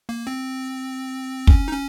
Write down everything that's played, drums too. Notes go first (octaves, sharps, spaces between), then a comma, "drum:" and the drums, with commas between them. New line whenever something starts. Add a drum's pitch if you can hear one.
A#3
C4
C#4, drum: kick
D#4
C#4